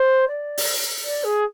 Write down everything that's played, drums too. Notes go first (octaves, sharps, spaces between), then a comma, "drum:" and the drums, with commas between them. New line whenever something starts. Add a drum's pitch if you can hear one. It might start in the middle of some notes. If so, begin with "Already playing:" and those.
Already playing: C5
D5
drum: open hi-hat
D5
G#4